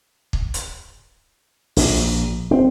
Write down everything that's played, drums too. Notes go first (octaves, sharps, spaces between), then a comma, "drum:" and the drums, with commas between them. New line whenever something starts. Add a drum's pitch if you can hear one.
drum: kick
drum: hi-hat
A#1, drum: open hi-hat
C4